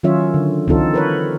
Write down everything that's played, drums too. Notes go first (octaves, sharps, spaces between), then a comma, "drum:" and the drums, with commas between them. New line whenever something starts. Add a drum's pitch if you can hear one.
D#3 F#3 C#4 F4 C#5 E5
D3
D3 E3 C4 D#4 F4 A4, drum: kick C2
A#4 B4 C#5